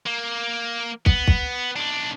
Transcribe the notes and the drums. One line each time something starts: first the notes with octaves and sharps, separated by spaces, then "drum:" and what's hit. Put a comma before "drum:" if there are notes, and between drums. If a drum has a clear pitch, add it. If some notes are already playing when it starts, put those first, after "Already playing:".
A#3
B3, drum: kick
drum: kick
B1 D4